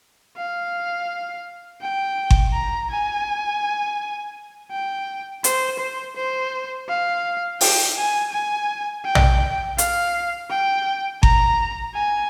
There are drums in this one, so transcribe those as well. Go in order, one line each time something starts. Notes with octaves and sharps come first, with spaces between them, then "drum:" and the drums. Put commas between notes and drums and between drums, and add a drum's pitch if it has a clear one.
F5
G5
drum: kick G1
A#5
G#5
G5
C5, drum: hi-hat
C5
C5
F5
G5, drum: open hi-hat
G#5
G#5
G5
drum: tom A#1
F5, drum: hi-hat
G5
A#5, drum: kick G1
G#5